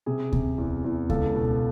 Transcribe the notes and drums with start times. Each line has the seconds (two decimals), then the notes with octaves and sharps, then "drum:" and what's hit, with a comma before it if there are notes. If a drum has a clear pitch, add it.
0.06 C3 G#4
0.32 C3, drum: kick D2
0.58 E2
0.84 E2
1.10 C#2 A4, drum: kick D2
1.35 B2